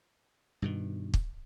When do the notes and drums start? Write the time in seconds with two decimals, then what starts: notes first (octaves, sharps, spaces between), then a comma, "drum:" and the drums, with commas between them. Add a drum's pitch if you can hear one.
0.62 G2 B2 D#3
1.14 drum: kick